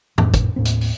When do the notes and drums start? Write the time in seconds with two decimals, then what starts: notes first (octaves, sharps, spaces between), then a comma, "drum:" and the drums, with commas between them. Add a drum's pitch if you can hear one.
0.18 F2 A2, drum: tom
0.34 drum: kick, hi-hat
0.56 D#2 A2 C4
0.65 drum: hi-hat
0.81 drum: open hi-hat